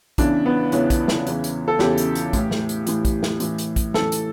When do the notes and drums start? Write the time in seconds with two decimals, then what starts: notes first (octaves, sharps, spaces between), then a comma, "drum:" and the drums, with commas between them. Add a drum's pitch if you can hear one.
0.18 E2 C#3 E3 D4, drum: kick, hi-hat
0.46 B3
0.72 E2 C#3 E3 C#4, drum: hi-hat
0.90 drum: kick, hi-hat
1.08 drum: snare
1.27 E2 C#3 E3, drum: hi-hat
1.44 drum: hi-hat
1.68 A4
1.79 E2 C#3 E3 G4, drum: snare
1.98 drum: hi-hat
2.15 drum: hi-hat
2.33 A2 E3, drum: kick, hi-hat
2.51 drum: snare
2.69 drum: hi-hat
2.87 A2 E3, drum: hi-hat
3.05 drum: kick, hi-hat
3.23 drum: snare
3.40 A2 E3, drum: hi-hat
3.58 drum: hi-hat
3.76 drum: kick, hi-hat
3.94 A2 E3 A4, drum: snare
4.12 drum: hi-hat